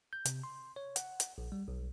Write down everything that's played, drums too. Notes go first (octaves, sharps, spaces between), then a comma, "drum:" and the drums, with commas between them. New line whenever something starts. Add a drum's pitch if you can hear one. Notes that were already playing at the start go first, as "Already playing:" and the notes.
G6
C3, drum: hi-hat
C6
C#5
F#5, drum: hi-hat
drum: hi-hat
A#1
G3
B1